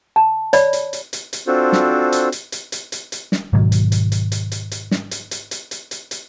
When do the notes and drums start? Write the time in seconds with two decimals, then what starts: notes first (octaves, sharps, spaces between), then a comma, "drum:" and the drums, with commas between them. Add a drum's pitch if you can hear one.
0.16 A5
0.53 C#5 D5 B5, drum: hi-hat
0.73 drum: hi-hat
0.93 drum: hi-hat
1.13 drum: hi-hat
1.33 drum: hi-hat
1.47 C4 D4 F4 F#4 A4 C5
1.73 drum: snare
2.12 drum: hi-hat
2.32 drum: hi-hat
2.52 drum: hi-hat
2.72 drum: hi-hat
2.92 drum: hi-hat
3.12 drum: hi-hat
3.32 drum: snare
3.53 G#2 B2 D#3 F#3
3.72 drum: hi-hat
3.92 drum: hi-hat
4.12 drum: hi-hat
4.32 drum: hi-hat
4.52 drum: hi-hat
4.71 drum: hi-hat
4.91 drum: snare
5.11 drum: hi-hat
5.31 drum: hi-hat
5.51 drum: hi-hat
5.71 drum: hi-hat
5.91 drum: hi-hat
6.11 drum: hi-hat